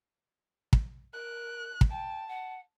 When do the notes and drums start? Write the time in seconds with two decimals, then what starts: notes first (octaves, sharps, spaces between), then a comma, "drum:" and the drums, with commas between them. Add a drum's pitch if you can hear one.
0.73 drum: kick
1.13 A#4 F#6
1.81 drum: kick
1.91 G5 A5
2.28 F#5